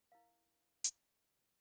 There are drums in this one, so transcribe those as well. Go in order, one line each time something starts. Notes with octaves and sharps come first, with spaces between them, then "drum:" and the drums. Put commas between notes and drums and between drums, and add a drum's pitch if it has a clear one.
E4 A#4 F5
drum: hi-hat